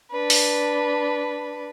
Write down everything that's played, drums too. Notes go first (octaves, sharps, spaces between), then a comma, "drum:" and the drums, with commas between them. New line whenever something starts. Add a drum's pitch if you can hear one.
D4 B4
drum: open hi-hat